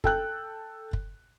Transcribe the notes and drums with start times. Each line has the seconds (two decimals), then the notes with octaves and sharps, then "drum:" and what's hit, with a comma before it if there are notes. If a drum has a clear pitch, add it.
0.04 A4 G5 F#6, drum: kick F#1
0.93 drum: kick F#1